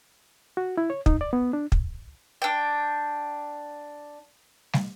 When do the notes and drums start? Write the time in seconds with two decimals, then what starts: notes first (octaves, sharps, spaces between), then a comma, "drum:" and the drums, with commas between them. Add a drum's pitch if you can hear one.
0.57 F#4
0.77 E4
0.90 C#5
1.06 D#4, drum: kick
1.21 D5
1.33 B3
1.53 D4
1.72 drum: kick
2.42 D4 G5
4.73 drum: snare